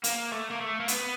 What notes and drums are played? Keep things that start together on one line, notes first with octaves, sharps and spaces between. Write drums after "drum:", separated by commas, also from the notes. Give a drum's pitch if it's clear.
A#3, drum: hi-hat
A3
A#3
A3
A#3
B3, drum: hi-hat